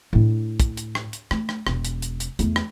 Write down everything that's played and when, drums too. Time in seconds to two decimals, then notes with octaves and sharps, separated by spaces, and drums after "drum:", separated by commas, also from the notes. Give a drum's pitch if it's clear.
0.13 A2 D4
0.60 drum: kick, hi-hat
0.77 drum: hi-hat
0.95 drum: rim click
1.13 drum: hi-hat
1.31 A3, drum: rim click
1.49 drum: rim click
1.67 E1, drum: rim click
1.85 drum: hi-hat
2.02 drum: hi-hat
2.20 drum: hi-hat
2.39 E2 A3, drum: hi-hat
2.56 drum: rim click